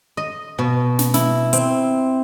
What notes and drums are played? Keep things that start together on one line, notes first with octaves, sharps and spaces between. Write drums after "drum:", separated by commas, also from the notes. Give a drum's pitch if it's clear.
D#5
B2
drum: snare
E4, drum: snare
C4, drum: hi-hat